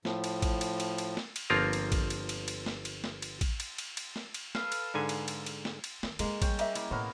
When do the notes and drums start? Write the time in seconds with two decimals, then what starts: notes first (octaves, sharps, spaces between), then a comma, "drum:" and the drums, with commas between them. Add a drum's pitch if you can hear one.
0.05 A2 F3, drum: snare
0.24 drum: cymbal
0.42 drum: kick, cymbal
0.61 drum: cymbal
0.80 drum: cymbal
0.98 drum: cymbal
1.17 drum: snare
1.36 drum: cymbal
1.50 G1 F3 A#3 C4 F4 A#4
1.73 drum: cymbal
1.92 drum: kick, cymbal
2.10 drum: cymbal
2.29 drum: cymbal
2.48 drum: cymbal
2.66 drum: snare
2.85 drum: cymbal
3.04 drum: snare
3.22 drum: cymbal
3.41 drum: kick, cymbal
3.60 drum: cymbal
3.78 drum: cymbal
3.97 drum: cymbal
4.16 drum: snare
4.34 drum: cymbal
4.55 A4 B4 F5, drum: snare
4.72 drum: cymbal
4.94 G#2 D3 G#5
5.09 drum: cymbal
5.28 drum: cymbal
5.46 drum: cymbal
5.65 drum: snare
5.84 drum: cymbal
6.03 D#3, drum: snare
6.19 G2 G#3 A#3 D#4, drum: cymbal
6.42 G3 C#4 G5, drum: kick, cymbal
6.59 A#3 D#5 E5, drum: cymbal
6.75 E4, drum: cymbal
6.91 B1 A2 B3 A#4 C#5